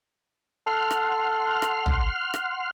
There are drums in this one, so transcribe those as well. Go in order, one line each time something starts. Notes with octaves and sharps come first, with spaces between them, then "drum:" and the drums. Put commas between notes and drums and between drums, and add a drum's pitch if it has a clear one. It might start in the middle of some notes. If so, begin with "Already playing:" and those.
A4 F#5 C6 F6
drum: rim click
drum: rim click
drum: tom
drum: rim click